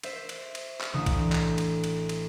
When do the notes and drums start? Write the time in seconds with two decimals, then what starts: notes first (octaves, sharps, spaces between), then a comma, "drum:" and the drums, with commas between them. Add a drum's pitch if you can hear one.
0.03 C5 E5, drum: cymbal
0.29 drum: cymbal
0.55 drum: cymbal
0.81 drum: clap
0.93 A1 D3 D#6
1.06 drum: kick B1, cymbal
1.32 drum: clap
1.58 drum: cymbal
1.84 drum: cymbal
2.09 drum: cymbal